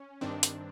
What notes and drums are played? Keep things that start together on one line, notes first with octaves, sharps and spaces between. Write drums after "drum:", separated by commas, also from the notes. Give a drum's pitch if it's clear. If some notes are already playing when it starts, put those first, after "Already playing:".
Already playing: C#4
G2 D#3 C4 D4
drum: hi-hat